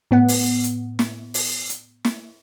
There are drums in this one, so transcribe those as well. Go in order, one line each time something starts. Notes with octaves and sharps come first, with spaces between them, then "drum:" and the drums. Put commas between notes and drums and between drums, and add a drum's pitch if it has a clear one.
A2 B3 F#5
drum: open hi-hat
drum: hi-hat
drum: snare
drum: open hi-hat
drum: hi-hat
drum: snare